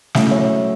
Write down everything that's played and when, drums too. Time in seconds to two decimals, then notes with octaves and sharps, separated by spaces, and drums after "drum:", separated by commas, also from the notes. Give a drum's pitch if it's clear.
0.15 C#3 F#3 A3 C#4 E4 E5, drum: snare
0.31 C#5 E5